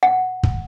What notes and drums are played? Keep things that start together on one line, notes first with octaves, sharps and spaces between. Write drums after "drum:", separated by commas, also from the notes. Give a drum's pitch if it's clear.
F#5
drum: kick